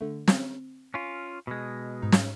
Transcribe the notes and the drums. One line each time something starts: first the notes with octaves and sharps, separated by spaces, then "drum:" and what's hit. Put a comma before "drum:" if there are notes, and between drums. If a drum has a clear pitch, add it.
D3 A3
C4, drum: snare
C#4 F4
B2 G#3
G#2 D#4
drum: snare